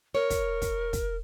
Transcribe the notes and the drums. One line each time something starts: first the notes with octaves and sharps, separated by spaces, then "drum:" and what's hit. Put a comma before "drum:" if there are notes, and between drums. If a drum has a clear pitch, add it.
A#4 C#5
drum: kick, hi-hat
drum: kick, hi-hat
drum: kick, hi-hat